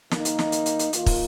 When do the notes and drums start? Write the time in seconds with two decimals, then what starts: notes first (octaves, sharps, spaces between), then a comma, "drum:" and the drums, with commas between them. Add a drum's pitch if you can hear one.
0.11 D#3 A#3 D#4, drum: snare
0.25 drum: hi-hat
0.39 drum: snare
0.52 drum: hi-hat
0.66 drum: hi-hat
0.79 drum: hi-hat
0.93 D#3 A#3 F4, drum: hi-hat
1.06 drum: kick, open hi-hat